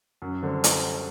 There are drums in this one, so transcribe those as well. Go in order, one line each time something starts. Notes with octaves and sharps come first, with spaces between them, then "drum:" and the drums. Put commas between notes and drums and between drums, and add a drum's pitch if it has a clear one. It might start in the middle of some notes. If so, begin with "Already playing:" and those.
F#2
D3 G3 C4
drum: hi-hat